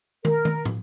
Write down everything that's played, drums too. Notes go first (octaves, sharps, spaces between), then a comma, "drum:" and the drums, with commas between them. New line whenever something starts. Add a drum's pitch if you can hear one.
A#4, drum: tom
drum: tom
drum: tom